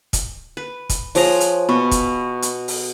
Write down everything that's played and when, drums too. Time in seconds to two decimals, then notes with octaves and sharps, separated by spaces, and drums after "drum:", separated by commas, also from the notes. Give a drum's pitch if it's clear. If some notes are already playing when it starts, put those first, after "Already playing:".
0.13 drum: kick, hi-hat
0.57 B4
0.89 drum: kick, hi-hat
1.15 F3 G#4 C5 C#5 A#5, drum: open hi-hat
1.40 drum: hi-hat
1.69 B2 B3 B5 C#6
1.91 drum: kick, hi-hat
2.42 drum: hi-hat
2.68 drum: open hi-hat